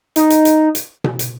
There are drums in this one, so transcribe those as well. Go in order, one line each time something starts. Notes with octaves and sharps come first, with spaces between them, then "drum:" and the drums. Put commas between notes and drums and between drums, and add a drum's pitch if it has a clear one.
D#4, drum: hi-hat
drum: hi-hat
drum: hi-hat
drum: hi-hat
drum: tom B2
drum: hi-hat